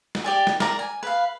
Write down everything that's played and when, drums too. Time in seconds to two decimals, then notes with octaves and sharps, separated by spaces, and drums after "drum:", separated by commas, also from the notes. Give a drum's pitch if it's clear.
0.15 drum: snare
0.24 G4 D5 G#5
0.47 drum: snare
0.60 A#4 D5 A#5, drum: snare
0.79 G#5
1.03 B4 F5